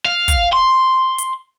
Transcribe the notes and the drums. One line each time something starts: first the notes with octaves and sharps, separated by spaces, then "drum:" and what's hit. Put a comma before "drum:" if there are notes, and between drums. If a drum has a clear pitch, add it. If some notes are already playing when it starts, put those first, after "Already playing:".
F5
drum: kick, hi-hat
C6
drum: hi-hat